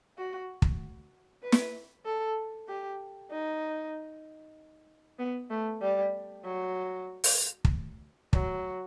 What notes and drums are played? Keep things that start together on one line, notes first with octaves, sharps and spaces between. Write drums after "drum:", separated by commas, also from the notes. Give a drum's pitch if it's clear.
F#4
drum: kick
B4
drum: snare
A4
G4
D#4
B3
A3
G3
F#3
drum: open hi-hat
drum: kick
F#3, drum: kick